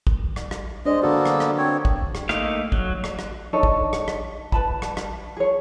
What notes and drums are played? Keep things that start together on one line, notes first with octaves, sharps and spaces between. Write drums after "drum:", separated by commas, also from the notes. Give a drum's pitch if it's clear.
drum: kick
drum: rim click
drum: rim click
G#3 D4 C5 D5 D#5
D3 A#3 B3 F#4 A4
drum: rim click
drum: rim click
C4 C#5
drum: kick
drum: rim click
A3 A#3 D#4 F5, drum: rim click
F#3, drum: kick
drum: rim click
drum: rim click
D4 D#4 A4 C#5
drum: kick
drum: rim click
drum: rim click
B4 A5 B5, drum: kick
drum: rim click
drum: rim click
G#4 C#5